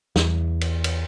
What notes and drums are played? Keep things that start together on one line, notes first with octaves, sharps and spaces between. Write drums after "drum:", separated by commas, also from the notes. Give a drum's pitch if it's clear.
E2, drum: snare
drum: cymbal
drum: cymbal